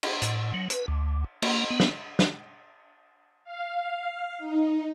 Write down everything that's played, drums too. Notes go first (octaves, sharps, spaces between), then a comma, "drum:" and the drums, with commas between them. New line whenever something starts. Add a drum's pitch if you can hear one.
drum: cymbal
A2, drum: hi-hat
F#3
B4, drum: hi-hat
D2
A#3, drum: cymbal
B3
drum: snare
drum: snare
F5
D#4